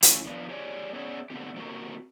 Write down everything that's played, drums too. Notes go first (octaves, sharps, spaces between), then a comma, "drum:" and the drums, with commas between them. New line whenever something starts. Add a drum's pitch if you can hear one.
E3 A3 C#4 E4 F4, drum: hi-hat
F3 B3 D4
G4 G#4 C#5 D5
B3 C#4 G#4 C#5 D5 E5
D3 A3 B3 C4 G4
A3 A#3 C4 F#4 G4